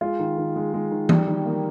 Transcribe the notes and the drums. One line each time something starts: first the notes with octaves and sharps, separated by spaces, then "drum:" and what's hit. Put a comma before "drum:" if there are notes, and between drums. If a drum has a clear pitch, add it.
G#3 F4
D#3
D#3
G#3
G#3
D#3
G3, drum: tom E3
D#3
A#3